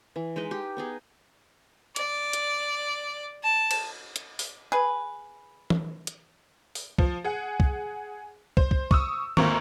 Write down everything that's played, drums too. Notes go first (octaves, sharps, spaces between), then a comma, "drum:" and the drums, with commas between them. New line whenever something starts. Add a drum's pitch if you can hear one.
E3
G#3 D#4 B4 D#5
G4
B3 D#4 G#4
D5, drum: hi-hat
drum: hi-hat
A5
drum: cymbal
drum: hi-hat
drum: open hi-hat
G#4 B4
drum: tom E3
drum: hi-hat
drum: open hi-hat
F3, drum: kick
G#4 F#5
drum: kick
C5, drum: kick
drum: kick
C#6 D#6 E6, drum: kick
G#1 D2 A#3 C4 A#5 C#6, drum: tom D#3